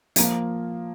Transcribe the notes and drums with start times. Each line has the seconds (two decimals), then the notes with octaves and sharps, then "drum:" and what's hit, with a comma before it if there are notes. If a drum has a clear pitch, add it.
0.16 F3 A#3 F4, drum: hi-hat